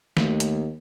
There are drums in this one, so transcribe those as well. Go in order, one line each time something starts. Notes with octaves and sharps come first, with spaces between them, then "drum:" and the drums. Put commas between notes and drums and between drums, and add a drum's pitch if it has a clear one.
D#2 A3 A#3, drum: snare
drum: hi-hat